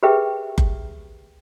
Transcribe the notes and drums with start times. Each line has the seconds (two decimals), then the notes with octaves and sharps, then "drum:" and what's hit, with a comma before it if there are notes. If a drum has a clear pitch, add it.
0.03 G4 G#4 A#4 B4 E5 G5
0.58 drum: kick F#1